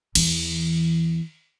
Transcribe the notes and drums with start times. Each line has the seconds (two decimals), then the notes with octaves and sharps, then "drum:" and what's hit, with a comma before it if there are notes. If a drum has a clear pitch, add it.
0.15 E2 E3, drum: cymbal